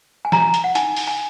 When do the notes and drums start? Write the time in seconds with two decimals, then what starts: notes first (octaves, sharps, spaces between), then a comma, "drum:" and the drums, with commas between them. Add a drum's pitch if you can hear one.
0.25 G#5
0.32 F#4 A#5, drum: snare
0.54 drum: hi-hat
0.64 F#5
0.75 D#4 G#5, drum: hi-hat
0.96 drum: open hi-hat
1.07 G#5